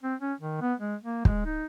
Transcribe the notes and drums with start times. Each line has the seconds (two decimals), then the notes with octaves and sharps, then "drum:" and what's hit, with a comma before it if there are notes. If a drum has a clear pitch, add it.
0.03 C4
0.21 C#4
0.41 D#3
0.61 B3
0.80 G#3
1.04 A#3
1.25 G#3, drum: kick
1.46 D#4